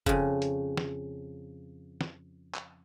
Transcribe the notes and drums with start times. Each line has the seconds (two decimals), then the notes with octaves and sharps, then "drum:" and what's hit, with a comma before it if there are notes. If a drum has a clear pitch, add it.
0.06 F2 C#3, drum: kick F1
0.42 drum: hi-hat
0.77 drum: snare
2.01 drum: snare
2.54 drum: clap